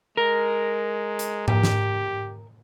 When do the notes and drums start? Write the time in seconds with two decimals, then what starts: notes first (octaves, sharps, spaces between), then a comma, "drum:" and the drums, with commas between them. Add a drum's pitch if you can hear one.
0.17 G#3 A#4
1.19 drum: hi-hat
1.48 G4, drum: tom G#2
1.63 drum: snare